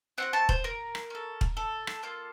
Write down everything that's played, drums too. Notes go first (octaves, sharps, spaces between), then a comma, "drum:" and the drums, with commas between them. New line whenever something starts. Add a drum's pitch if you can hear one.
C4 D#4 F#4 F#5
A5
C5, drum: kick
A#4
drum: rim click
C#4 A4
drum: kick
A4
drum: rim click
A#3 F4 A4